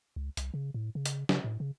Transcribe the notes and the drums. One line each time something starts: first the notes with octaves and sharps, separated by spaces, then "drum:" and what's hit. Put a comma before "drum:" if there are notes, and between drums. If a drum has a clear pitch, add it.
C#2
C2, drum: hi-hat
C#3
A2
C#3
drum: hi-hat
C#3, drum: snare
A2
C#3